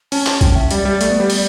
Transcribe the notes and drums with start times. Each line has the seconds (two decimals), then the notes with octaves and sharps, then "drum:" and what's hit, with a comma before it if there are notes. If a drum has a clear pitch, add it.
0.12 C#4 A5, drum: open hi-hat
0.26 A5, drum: clap
0.41 G5, drum: kick A#1, hi-hat
0.56 E5
0.71 G3 D5, drum: hi-hat
0.85 G3
1.01 A3, drum: hi-hat
1.10 B3
1.20 G3
1.30 drum: open hi-hat